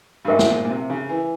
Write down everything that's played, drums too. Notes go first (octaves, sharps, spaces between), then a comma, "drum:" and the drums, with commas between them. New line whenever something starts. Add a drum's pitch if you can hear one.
G2
G#2 A#4 E5 G5
drum: snare
A#2
A#2
C3
C#3
E3